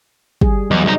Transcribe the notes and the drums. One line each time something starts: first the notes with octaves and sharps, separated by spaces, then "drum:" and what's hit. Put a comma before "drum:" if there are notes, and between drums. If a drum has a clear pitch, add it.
G3 G#4, drum: kick
E2 F#3 D#5
C2 D#4